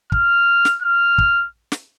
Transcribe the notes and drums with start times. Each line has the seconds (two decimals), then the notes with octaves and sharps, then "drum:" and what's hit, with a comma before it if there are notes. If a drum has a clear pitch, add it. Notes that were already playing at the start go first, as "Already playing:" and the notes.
0.12 F6, drum: kick
0.65 drum: snare
0.82 F6
1.18 drum: kick
1.72 drum: snare